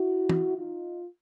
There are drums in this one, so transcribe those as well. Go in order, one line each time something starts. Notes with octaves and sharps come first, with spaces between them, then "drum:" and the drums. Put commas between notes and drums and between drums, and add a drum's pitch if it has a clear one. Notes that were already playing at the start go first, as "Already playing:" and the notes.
Already playing: E4 F#4
drum: tom
D#4 F4